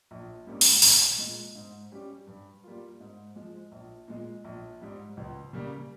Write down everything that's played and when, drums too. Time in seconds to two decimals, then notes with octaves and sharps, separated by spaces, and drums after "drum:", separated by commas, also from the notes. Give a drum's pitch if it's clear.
0.11 A#1
0.47 G#2 G3 A#3 C#4
0.61 drum: open hi-hat
0.82 C2, drum: open hi-hat
1.18 A#2 G#3
1.55 G#2
1.92 G3 C#4 G4
2.27 G2
2.63 G3 A#3 F4
3.00 G#2
3.36 F3 G#3
3.72 A#1
4.08 A#2 G#3
4.44 A#1
4.81 G#2 G3
5.17 C#2
5.53 C#3 G3 A#3